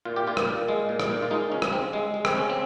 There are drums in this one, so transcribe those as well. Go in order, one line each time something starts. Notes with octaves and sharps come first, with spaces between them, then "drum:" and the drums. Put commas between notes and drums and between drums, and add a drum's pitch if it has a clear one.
A#2 F4
G4
A#2 F4
drum: rim click
A#2
G#3
A#2
drum: rim click
A#2
F4
G#3 D#4
C#3 C#4
drum: rim click
C#3 C4
G#3
G#3
C4, drum: rim click
C#3 C#4
C4